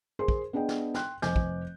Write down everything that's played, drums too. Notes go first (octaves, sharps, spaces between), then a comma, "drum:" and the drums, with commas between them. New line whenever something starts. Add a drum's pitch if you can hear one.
G#4 A#4 C5 C6
drum: kick
B3 D4 G#4 D#5 G5
drum: snare
G5 C6 F#6, drum: snare
F1 C5 D#5 G#5 D6 G6, drum: snare
drum: kick